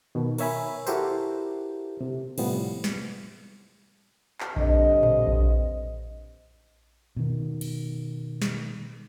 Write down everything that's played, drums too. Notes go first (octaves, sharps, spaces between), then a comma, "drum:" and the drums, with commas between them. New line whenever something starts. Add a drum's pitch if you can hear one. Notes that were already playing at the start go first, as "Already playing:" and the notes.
B2 D#3
A#4 C#5 E5 G#5 B5, drum: cymbal
E4 F#4 G4 A4 A#4 C5, drum: tambourine
C3
A2 C3 F3 G3 B3, drum: cymbal
drum: snare
drum: clap
G2 D3 C4 D#5, drum: kick A#1
drum: tom A2
drum: kick A#1
B2 D#3
drum: cymbal
drum: snare